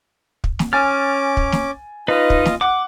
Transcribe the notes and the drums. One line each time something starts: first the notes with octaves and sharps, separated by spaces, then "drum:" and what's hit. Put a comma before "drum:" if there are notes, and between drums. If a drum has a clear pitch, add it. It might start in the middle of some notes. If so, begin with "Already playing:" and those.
drum: kick
drum: snare
C#4 G#5 D6 F6 A6
drum: kick
drum: snare
D#4 F4 B4 D#5
drum: kick
drum: snare
F#5 D6